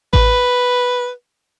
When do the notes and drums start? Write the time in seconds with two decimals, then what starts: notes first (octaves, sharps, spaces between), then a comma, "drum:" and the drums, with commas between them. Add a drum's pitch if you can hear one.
0.13 B4, drum: kick A1